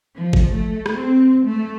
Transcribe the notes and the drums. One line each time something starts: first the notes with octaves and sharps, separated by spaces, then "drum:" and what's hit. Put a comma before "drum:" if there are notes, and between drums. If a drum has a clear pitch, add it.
F3
drum: kick G1
A3
drum: rim click
C4
A3